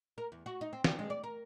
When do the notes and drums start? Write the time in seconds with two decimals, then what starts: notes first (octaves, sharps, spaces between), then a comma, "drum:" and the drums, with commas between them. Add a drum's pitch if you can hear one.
0.18 A#4
0.32 E2
0.46 F#4
0.61 D#4
0.73 C4
0.84 D4, drum: snare
0.99 G#3
1.10 D5
1.24 A#4